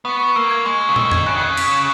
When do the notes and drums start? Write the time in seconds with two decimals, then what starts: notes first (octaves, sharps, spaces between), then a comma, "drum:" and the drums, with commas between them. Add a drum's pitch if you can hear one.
0.05 B3 C#6
0.20 C#6
0.36 A#3 E6
0.50 G#6
0.66 G#3 C#6
0.81 C#6
0.89 C#3
0.96 D#3 E6, drum: tom
1.11 G#6, drum: tom F2
1.26 C#3 F#6
1.35 D#3
1.41 C#3 F#6
1.57 B6, drum: cymbal
1.72 E7